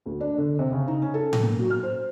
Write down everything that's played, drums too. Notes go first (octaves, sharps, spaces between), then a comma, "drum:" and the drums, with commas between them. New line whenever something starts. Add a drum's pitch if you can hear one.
D2
D4
D3
C3
C#3
D#4
C#4
A4
drum: tom A2
A#3
F#3
F6
C5